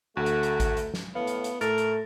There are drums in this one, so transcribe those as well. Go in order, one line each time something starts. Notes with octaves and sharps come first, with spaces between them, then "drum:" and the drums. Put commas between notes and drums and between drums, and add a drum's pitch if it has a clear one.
D2 A3 F#4 A4
drum: hi-hat
drum: hi-hat
drum: kick G#1, hi-hat
drum: hi-hat
drum: snare
A2 B3 F5
drum: hi-hat
drum: hi-hat
A2 A3 A4 A#4 A6, drum: hi-hat
drum: hi-hat